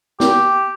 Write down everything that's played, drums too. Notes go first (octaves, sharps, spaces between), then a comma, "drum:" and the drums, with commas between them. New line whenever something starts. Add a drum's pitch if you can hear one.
G4, drum: snare